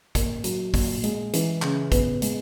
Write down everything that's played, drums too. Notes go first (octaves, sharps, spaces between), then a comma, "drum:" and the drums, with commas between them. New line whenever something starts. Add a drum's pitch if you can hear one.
A#3, drum: kick, hi-hat
F#3, drum: hi-hat
A#2, drum: kick, open hi-hat
G#3, drum: hi-hat
E3, drum: hi-hat
C#3, drum: clap
B3, drum: kick, hi-hat
G#3, drum: hi-hat